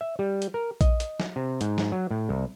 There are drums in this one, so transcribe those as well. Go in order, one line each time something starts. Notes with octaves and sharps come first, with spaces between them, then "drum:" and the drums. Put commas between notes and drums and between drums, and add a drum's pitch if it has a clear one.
E5
G3
drum: hi-hat
A#4
D#5, drum: kick A#1, hi-hat
drum: hi-hat
drum: snare F#3
C3
G#2, drum: hi-hat
drum: snare F#3
F#3
A2
C2